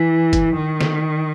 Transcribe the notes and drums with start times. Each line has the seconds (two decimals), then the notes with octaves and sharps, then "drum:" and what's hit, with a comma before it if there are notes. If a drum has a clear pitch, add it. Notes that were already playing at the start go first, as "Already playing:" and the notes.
Already playing: E3
0.33 drum: kick, hi-hat
0.56 D#3
0.81 drum: snare